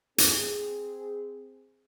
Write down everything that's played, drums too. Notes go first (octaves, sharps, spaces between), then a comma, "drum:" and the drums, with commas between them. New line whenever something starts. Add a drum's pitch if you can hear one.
C4 G#4, drum: hi-hat